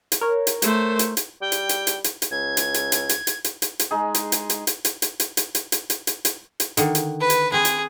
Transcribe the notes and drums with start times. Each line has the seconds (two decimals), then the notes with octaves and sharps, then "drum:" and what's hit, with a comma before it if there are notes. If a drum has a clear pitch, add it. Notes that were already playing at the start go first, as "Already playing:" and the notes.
0.12 drum: hi-hat
0.21 A#4 C#5
0.47 drum: hi-hat
0.62 A3 C5, drum: hi-hat
0.99 drum: hi-hat
1.17 drum: hi-hat
1.41 G3 G5
1.52 drum: hi-hat
1.69 drum: hi-hat
1.87 drum: hi-hat
2.04 drum: hi-hat
2.22 drum: hi-hat
2.31 C#2 G#6
2.57 drum: hi-hat
2.74 drum: hi-hat
2.92 drum: hi-hat
3.09 drum: hi-hat
3.27 drum: hi-hat
3.44 drum: hi-hat
3.62 drum: hi-hat
3.79 drum: hi-hat
3.91 G#3 D#4 G#4
4.14 drum: hi-hat
4.32 drum: hi-hat
4.50 drum: hi-hat
4.67 drum: hi-hat
4.85 drum: hi-hat
5.02 drum: hi-hat
5.20 drum: hi-hat
5.37 drum: hi-hat
5.55 drum: hi-hat
5.72 drum: hi-hat
5.90 drum: hi-hat
6.07 drum: hi-hat
6.25 drum: hi-hat
6.60 drum: hi-hat
6.77 D3 D#3, drum: hi-hat
6.95 drum: hi-hat
7.20 B4
7.30 drum: hi-hat
7.52 C4 G#4 B4
7.65 drum: hi-hat